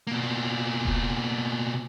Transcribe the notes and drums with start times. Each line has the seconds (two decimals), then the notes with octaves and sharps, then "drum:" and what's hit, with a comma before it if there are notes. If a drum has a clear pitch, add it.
0.07 B2 A#3
0.85 drum: kick E1